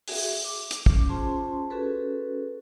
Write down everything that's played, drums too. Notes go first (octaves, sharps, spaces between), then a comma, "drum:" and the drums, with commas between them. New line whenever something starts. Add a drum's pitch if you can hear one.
F#4 G#4 E5, drum: open hi-hat
D6
drum: hi-hat
C#4 D6, drum: kick
C#4 F4 G#4 C5 A5 C6
C#4 F#4 G#4 A4 B4